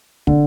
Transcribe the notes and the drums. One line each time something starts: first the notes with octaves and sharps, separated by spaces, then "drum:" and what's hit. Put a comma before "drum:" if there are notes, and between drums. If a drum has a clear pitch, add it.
D3, drum: kick